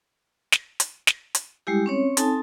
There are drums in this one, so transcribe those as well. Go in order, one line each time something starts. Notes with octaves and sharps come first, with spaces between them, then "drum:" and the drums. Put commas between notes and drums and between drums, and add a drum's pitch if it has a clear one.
drum: snare
drum: hi-hat
drum: snare
drum: hi-hat
G3 G#3 E4 G4
C4 C#4 C#5
C4 D#4 A4 G#5 A5, drum: hi-hat